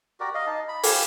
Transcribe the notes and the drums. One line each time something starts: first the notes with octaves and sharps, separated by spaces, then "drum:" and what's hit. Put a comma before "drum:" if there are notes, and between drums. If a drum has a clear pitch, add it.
F#4 G4 A#4 D5
D#5 F5
D#4 A5
B5
G4 F5 G#5, drum: open hi-hat